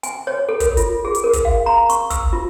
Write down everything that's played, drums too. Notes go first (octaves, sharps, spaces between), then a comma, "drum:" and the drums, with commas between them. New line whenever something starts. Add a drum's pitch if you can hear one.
G#5, drum: hi-hat
C#5
A4
A#4, drum: kick, hi-hat
F4, drum: hi-hat
G#4
drum: hi-hat
A#4
drum: kick, hi-hat
F5
A#5
C#6, drum: hi-hat
E6, drum: kick, hi-hat
F4